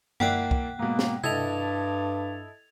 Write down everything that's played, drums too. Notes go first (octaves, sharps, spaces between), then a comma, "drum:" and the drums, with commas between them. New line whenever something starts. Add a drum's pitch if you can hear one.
A#3 E4 D5 F#5 G5 F#6, drum: tom F#2
drum: kick
G#2 B2 A#3
drum: snare
G2 E4 A4 D#5 G#6 A6 F7, drum: tom C3